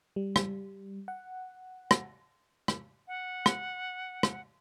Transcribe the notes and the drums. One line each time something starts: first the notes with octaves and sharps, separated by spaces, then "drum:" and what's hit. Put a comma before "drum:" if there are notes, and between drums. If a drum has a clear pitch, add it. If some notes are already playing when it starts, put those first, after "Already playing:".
G3
drum: rim click
F#5
drum: rim click
drum: rim click
F#5
drum: rim click
drum: rim click